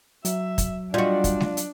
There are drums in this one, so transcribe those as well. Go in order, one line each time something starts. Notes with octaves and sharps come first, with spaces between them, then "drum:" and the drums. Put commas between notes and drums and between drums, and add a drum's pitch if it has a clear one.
F#3 E5, drum: hi-hat
drum: kick, hi-hat
G3 D4 F4 F#4 D#5
drum: kick, hi-hat
drum: snare
drum: hi-hat